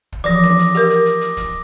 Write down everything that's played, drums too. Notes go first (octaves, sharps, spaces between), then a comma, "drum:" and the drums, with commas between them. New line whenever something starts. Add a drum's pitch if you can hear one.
drum: kick
E3 F3 D6 D#6 A#6
drum: snare C#4
drum: hi-hat
G4 A#4, drum: hi-hat
drum: hi-hat
drum: hi-hat
drum: hi-hat
drum: kick, hi-hat